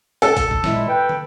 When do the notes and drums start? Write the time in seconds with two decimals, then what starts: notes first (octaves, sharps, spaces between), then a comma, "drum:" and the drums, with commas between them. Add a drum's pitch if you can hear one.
0.22 A4, drum: hi-hat
0.37 drum: kick, hi-hat
0.51 drum: kick
0.64 A#2 G#3 E4, drum: snare
0.89 B4 G5
1.09 drum: tom